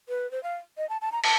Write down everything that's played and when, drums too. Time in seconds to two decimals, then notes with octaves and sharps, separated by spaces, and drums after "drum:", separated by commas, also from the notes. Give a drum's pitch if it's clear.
0.09 B4
0.31 C5
0.43 F5
0.78 D#5
0.89 A5
1.01 A5
1.12 A#5
1.24 A5, drum: cymbal